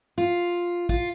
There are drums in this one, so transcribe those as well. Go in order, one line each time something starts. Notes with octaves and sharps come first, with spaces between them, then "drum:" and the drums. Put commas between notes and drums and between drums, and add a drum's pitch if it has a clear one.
F4
F4, drum: kick